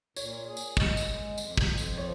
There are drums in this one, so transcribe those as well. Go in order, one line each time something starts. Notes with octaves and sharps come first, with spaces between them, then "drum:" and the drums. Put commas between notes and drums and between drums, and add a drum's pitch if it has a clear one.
A#2 C#5, drum: tambourine
G#4
drum: tambourine
G#3 D#5, drum: kick
drum: tambourine
G#3
F2, drum: tambourine
drum: kick
F2
drum: tambourine
F3 C#5